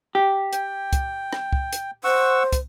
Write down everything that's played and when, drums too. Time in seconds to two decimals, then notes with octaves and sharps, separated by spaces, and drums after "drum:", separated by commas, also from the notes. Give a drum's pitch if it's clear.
0.15 G4
0.53 G5, drum: hi-hat
0.93 drum: kick, hi-hat
1.33 drum: rim click
1.53 drum: kick
1.73 drum: hi-hat
2.04 C5 F#5 C#6 E6
2.52 drum: kick, hi-hat